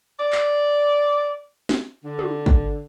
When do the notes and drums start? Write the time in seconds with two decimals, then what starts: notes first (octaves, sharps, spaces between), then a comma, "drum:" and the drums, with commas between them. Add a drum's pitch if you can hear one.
0.20 D5
0.32 drum: clap
1.69 drum: snare
2.05 D3
2.19 drum: tom
2.46 drum: kick